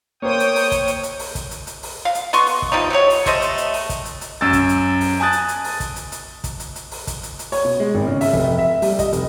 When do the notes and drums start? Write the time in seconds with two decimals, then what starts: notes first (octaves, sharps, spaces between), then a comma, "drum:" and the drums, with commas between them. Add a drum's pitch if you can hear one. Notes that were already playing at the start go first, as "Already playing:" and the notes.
0.22 A#3 C5 C#5 G5 D#6
0.40 drum: hi-hat
0.56 drum: open hi-hat
0.72 drum: kick, hi-hat
0.87 drum: hi-hat
1.03 drum: hi-hat
1.19 drum: open hi-hat
1.35 drum: kick, hi-hat
1.51 drum: hi-hat
1.67 drum: hi-hat
1.83 drum: open hi-hat
2.05 F5
2.15 drum: hi-hat
2.33 B3 D#5 C6 C#6, drum: hi-hat
2.46 drum: open hi-hat
2.62 drum: kick
2.72 E3 F3 G3 D#4
2.90 F#3 G3 F#4 C#5
3.10 drum: open hi-hat
3.26 G3 A3 C5 D#5, drum: kick, hi-hat
3.42 drum: hi-hat
3.58 drum: hi-hat
3.74 drum: open hi-hat
3.89 drum: kick, hi-hat
4.05 drum: hi-hat
4.21 drum: hi-hat
4.41 F#2 E6 A6
4.53 drum: kick, hi-hat
4.69 drum: hi-hat
5.01 drum: open hi-hat
5.20 G#5 A5 D#6 F#6 A6
5.32 drum: hi-hat
5.48 drum: hi-hat
5.64 drum: open hi-hat
5.80 drum: kick, hi-hat
5.96 drum: hi-hat
6.12 drum: hi-hat
6.44 drum: kick, hi-hat
6.60 drum: hi-hat
6.75 drum: hi-hat
6.91 drum: open hi-hat
7.07 drum: kick, hi-hat
7.23 drum: hi-hat
7.39 drum: hi-hat
7.52 C#5, drum: open hi-hat
7.65 B2
7.80 G#3
7.94 G#1
8.07 C#3
8.21 E5, drum: open hi-hat
8.33 F1, drum: kick
8.59 E5
8.82 G3, drum: open hi-hat
8.99 D#5, drum: kick, hi-hat
9.13 F1, drum: hi-hat